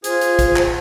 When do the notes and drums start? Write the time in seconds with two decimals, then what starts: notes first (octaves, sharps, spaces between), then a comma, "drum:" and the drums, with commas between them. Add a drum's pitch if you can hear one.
0.04 F4 G#4 C5, drum: hi-hat
0.21 drum: hi-hat
0.39 drum: kick, hi-hat
0.56 drum: clap